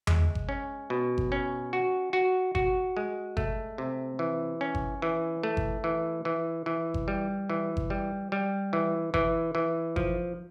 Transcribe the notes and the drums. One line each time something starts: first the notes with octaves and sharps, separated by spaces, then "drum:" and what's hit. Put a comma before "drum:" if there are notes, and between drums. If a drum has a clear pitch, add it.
G#3, drum: tom E2
drum: kick G1
C#4
B2
drum: kick G1
C#4
F#4
F#4
F#4, drum: kick G1
G#3
A3, drum: kick G1
C3
E3
C#4
drum: kick G1
E3
A3
drum: kick G1
E3
E3
E3
drum: kick G1
G3
E3
drum: kick G1
G3
G3
E3
E3, drum: kick G1
E3
F3, drum: kick G1